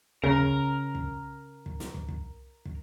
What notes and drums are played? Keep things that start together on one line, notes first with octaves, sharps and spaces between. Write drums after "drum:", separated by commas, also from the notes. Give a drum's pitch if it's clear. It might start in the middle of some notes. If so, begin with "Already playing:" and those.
C#3 A#4 A#5, drum: kick
drum: kick
drum: kick
drum: kick
drum: snare
drum: kick
drum: kick
drum: kick